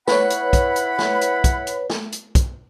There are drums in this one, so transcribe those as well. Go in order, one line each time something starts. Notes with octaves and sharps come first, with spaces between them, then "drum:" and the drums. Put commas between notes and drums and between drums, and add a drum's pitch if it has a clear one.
E4 B4 C#5 F#5 B5, drum: snare
drum: hi-hat
drum: kick, hi-hat
drum: hi-hat
drum: snare
drum: hi-hat
drum: kick, hi-hat
drum: hi-hat
drum: snare
drum: hi-hat
drum: kick, hi-hat